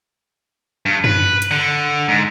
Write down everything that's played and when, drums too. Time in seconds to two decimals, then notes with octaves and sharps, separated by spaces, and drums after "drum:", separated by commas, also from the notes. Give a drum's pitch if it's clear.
0.86 G2
1.04 B4, drum: tom F#2
1.42 drum: hi-hat
1.51 D3
2.08 G#2